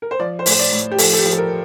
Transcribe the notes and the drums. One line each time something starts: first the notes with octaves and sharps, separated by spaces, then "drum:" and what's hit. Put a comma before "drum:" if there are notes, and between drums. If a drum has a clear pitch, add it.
A#4
C5
F3 D5
C5
A2, drum: open hi-hat
C5
D5
A2
G4
F3 A4, drum: open hi-hat
A4
G4
F3
A4
A#4